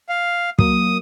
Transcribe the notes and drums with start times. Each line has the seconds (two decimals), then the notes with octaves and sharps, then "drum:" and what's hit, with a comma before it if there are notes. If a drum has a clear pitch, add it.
0.09 F5
0.59 F#3 A#3 D#6, drum: kick